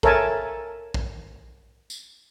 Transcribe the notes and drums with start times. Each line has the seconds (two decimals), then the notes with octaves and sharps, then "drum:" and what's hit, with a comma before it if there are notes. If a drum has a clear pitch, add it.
0.03 A4 A#4 C#5 E5 G#5 A5, drum: kick
0.94 drum: kick
1.90 drum: tambourine